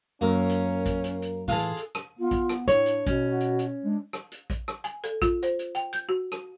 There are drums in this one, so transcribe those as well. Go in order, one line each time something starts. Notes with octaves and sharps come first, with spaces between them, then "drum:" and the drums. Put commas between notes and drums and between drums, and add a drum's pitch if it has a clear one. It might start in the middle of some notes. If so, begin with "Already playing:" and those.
F#2 A#3 C#4
drum: hi-hat
drum: kick, hi-hat
drum: hi-hat
drum: hi-hat
A2 E3 F4 G#4 A4
drum: hi-hat
drum: hi-hat
drum: rim click
B3 F4
drum: kick, hi-hat
drum: rim click
A2 D4 C#5, drum: hi-hat
drum: hi-hat
B2 C#4, drum: kick, hi-hat
F#4
drum: hi-hat
drum: hi-hat
G#3 D4
drum: rim click
drum: hi-hat
drum: kick, hi-hat
drum: rim click
G#5, drum: hi-hat
A4, drum: hi-hat
F4, drum: kick, hi-hat
C5, drum: hi-hat
drum: hi-hat
G5, drum: hi-hat
G6, drum: hi-hat
F#4
drum: rim click